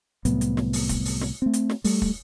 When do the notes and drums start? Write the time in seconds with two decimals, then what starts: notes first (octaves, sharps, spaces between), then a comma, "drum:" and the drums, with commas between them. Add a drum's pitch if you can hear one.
0.25 C2 A2 F#3 B3, drum: hi-hat
0.41 drum: hi-hat
0.57 drum: snare
0.73 drum: open hi-hat
0.89 drum: kick, hi-hat
1.05 drum: open hi-hat
1.21 drum: snare
1.42 A3 C4
1.53 drum: hi-hat
1.70 drum: snare
1.84 G3 A3, drum: open hi-hat
2.02 drum: kick